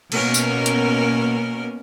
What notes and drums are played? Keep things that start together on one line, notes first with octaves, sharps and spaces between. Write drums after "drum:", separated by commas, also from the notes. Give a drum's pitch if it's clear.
B2 A#3 C#4 A#4, drum: cymbal
drum: tambourine
drum: hi-hat